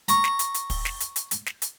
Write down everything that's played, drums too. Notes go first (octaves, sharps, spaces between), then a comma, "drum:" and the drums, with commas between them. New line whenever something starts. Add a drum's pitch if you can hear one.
A#5 C#6, drum: hi-hat
drum: snare
drum: hi-hat
drum: hi-hat
drum: kick, open hi-hat
drum: snare
drum: hi-hat
drum: hi-hat
drum: hi-hat
drum: snare
drum: hi-hat